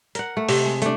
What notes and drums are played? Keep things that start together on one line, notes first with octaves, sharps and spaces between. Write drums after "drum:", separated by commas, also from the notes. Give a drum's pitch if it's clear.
A#4 F#5, drum: hi-hat
A3
C3, drum: open hi-hat
G#3
A3 D4, drum: hi-hat